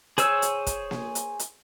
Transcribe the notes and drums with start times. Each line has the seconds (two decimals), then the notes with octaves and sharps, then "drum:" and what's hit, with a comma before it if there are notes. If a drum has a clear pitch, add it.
0.18 G#4 C5 C#5 E6, drum: hi-hat
0.42 drum: hi-hat
0.67 drum: kick, hi-hat
0.91 drum: snare A#3
1.15 drum: hi-hat
1.39 drum: hi-hat